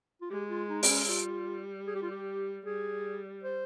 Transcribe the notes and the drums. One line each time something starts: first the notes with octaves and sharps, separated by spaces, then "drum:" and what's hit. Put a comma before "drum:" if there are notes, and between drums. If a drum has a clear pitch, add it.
F4
G#3 G4
F4
D#4
C4, drum: open hi-hat
C#4
G3 F4
G#4
G4
F4
G4
G3 G#4
C5